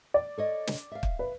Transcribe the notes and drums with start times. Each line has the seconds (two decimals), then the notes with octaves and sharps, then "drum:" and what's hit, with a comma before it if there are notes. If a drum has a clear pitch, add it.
0.14 D5
0.37 A4 C#5 D#5
0.67 drum: snare
0.92 E5 F5
1.03 drum: kick
1.19 B4